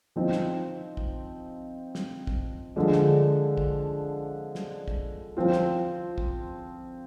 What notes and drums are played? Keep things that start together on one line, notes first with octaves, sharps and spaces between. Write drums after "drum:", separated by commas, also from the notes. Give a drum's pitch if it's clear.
F3 C4 D#4
drum: snare
drum: kick
drum: snare
drum: kick
D3 F3 G#3 D4
drum: snare
drum: kick
drum: snare
drum: kick
F3 C4 F4
drum: snare
drum: kick